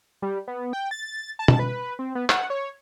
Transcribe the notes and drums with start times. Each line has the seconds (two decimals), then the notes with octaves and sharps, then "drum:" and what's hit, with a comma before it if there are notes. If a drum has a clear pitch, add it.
0.22 G3
0.48 B3
0.73 G5
0.91 A6
1.39 A5
1.48 drum: tom B2
1.59 B4
1.99 C4
2.15 B3
2.29 F#5, drum: clap
2.50 C#5